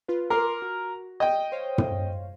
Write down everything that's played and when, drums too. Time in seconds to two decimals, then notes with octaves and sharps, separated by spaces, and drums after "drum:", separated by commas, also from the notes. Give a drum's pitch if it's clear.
0.08 F4 B4
0.30 A#4 C6 D6 C7
0.62 F#4
1.20 D#5 G5
1.52 C5 C#5 F5
1.78 drum: tom